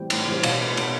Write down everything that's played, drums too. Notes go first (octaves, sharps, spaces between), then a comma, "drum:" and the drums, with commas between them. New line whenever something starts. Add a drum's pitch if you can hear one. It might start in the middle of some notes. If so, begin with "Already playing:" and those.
Already playing: A2 E3 G3 C4 G5
A2, drum: cymbal
E3 G3 C4
B2 F5, drum: cymbal
B3
B2, drum: cymbal